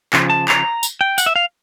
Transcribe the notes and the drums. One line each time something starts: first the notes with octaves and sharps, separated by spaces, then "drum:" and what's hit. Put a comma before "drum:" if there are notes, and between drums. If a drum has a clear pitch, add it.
C#3 F3, drum: clap
A5
A#5, drum: clap
drum: tambourine
G5
F#5, drum: tambourine
E5
F5